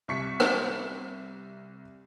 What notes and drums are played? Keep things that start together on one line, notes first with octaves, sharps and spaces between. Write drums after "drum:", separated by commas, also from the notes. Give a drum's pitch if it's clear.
C2 C#6 B6 C#7
drum: rim click